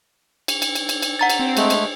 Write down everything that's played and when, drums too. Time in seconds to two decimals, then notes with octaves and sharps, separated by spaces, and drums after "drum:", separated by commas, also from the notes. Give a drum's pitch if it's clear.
0.48 drum: cymbal
0.62 drum: cymbal
0.75 drum: cymbal
0.89 drum: cymbal
1.02 drum: cymbal
1.19 F#5 A#5 A6
1.30 drum: cymbal
1.40 C4
1.57 G#3 A3, drum: cymbal
1.70 drum: cymbal